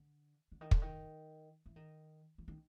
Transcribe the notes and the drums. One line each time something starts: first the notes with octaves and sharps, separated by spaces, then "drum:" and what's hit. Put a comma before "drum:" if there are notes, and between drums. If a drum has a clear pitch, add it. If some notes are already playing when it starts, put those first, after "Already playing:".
Already playing: D3
D3
D#3
D3, drum: kick
D#3
E3
D#3
E3
D#3